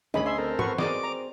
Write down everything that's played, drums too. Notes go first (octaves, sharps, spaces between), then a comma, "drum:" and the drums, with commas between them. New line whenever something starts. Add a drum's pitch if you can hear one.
D2 D#3 A3 C#4 G#4 D#5 B5
E5 C6
C4 A4 A#4
E3 F#4 B4 C5 C#6, drum: tom
C4 G#4 A#4 D5 D#5 G#5 D6, drum: snare
A#5